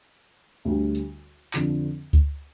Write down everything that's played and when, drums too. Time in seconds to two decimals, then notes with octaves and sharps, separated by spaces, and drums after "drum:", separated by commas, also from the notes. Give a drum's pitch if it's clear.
0.65 D2 D3 G3
0.95 drum: hi-hat
1.54 F2 D3 F3, drum: clap
2.13 drum: kick D2, hi-hat